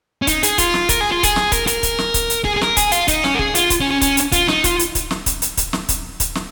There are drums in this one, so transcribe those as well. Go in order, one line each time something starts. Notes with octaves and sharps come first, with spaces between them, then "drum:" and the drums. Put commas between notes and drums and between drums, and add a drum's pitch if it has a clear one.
C#4
D#4, drum: kick, hi-hat
G#4, drum: hi-hat
F4, drum: kick, hi-hat
drum: snare
A#4, drum: kick, hi-hat
G#4
F4
G#4, drum: kick, hi-hat
drum: snare
A#4, drum: kick, hi-hat
A#4, drum: hi-hat
drum: kick, hi-hat
drum: snare
drum: kick, hi-hat
drum: hi-hat
G#4, drum: kick
G#4
A#4, drum: snare
G#4, drum: kick, hi-hat
F4, drum: hi-hat
D#4, drum: kick, hi-hat
C#4, drum: snare
A#4
G#4, drum: kick
F4, drum: hi-hat
drum: kick, hi-hat
C#4
C#4
C#4, drum: kick, hi-hat
drum: hi-hat
F4, drum: kick, hi-hat
D#4, drum: snare
F4, drum: kick, hi-hat
drum: hi-hat
drum: kick, hi-hat
drum: snare
drum: kick, hi-hat
drum: hi-hat
drum: kick, hi-hat
drum: snare
drum: kick, hi-hat
drum: kick, hi-hat
drum: snare